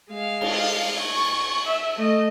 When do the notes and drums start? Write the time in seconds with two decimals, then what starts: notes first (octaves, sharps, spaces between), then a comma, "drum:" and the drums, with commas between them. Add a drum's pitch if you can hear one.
0.11 G#3 F5
0.41 drum: cymbal
1.00 C#6
1.66 E5
1.97 A3 D#5